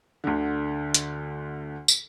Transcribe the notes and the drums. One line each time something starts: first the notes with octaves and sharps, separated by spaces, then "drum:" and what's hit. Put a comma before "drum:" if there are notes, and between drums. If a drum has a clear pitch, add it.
D2 D3
drum: hi-hat
drum: tambourine